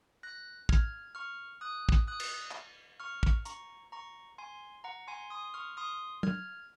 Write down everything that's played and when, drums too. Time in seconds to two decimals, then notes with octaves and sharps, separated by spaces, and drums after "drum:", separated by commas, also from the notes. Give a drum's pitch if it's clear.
0.23 F#6 A#6
0.69 F6 G#6, drum: kick
1.15 C#6 F6
1.61 D#6 F#6
1.89 drum: kick
2.07 D#6 F#6
2.20 drum: cymbal
2.51 drum: clap
3.00 C#6 F6
3.23 drum: kick
3.45 A#5 C#6, drum: hi-hat
3.92 A#5 C#6
4.38 G#5 C6
4.84 F#5 A#5
5.08 G#5 C6
5.30 C6 D#6
5.54 C#6 F6
5.77 C6 D#6
6.23 F6 G#6, drum: tom